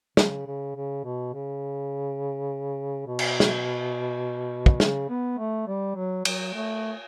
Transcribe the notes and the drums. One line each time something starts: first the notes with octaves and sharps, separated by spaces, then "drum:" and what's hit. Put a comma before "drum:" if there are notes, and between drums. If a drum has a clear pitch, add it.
C#3, drum: snare
C#3
C#3
B2
C#3
B2
drum: cymbal
drum: snare
drum: kick
C#3, drum: snare
B3
A3
G3
F#3
F#3, drum: cymbal
A3